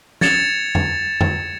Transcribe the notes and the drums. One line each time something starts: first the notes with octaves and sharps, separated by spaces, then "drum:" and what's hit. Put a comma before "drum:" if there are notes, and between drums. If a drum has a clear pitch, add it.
G#6 A6 C#7 E7 F7, drum: snare
drum: tom F2
drum: tom F2